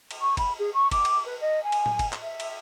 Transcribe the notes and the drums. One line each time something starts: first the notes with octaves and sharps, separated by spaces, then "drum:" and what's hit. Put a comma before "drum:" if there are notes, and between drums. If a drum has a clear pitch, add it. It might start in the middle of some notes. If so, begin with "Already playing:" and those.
drum: cymbal
C#6
B5, drum: kick, cymbal
G#4
C#6
D6, drum: kick, cymbal
drum: cymbal
B4
D#5
G#5
drum: cymbal
drum: tom A2
drum: kick, cymbal
drum: clap
E5
drum: cymbal